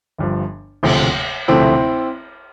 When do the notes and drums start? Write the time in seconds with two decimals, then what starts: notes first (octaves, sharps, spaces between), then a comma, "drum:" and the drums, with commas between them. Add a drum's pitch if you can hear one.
0.18 G1 G2 F3
0.83 E1 D2 C3 F3 A3, drum: cymbal
1.48 E1 D2 C3 F3 A3 C4 E4